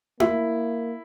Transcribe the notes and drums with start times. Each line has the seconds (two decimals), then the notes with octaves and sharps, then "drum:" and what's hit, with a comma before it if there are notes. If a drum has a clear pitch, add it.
0.20 A#3 E4, drum: tom E4